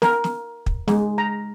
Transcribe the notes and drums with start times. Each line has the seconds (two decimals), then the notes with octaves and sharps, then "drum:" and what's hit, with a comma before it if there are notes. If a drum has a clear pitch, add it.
0.02 A#4, drum: snare
0.24 drum: snare
0.66 drum: kick
0.88 G#3, drum: snare
1.18 A#5